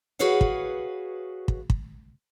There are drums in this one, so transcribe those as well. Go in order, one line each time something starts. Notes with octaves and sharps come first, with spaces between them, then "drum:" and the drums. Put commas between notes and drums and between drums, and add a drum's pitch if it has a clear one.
F#4 G#4 B4 C#5 F5 F#5
drum: kick
drum: kick
drum: kick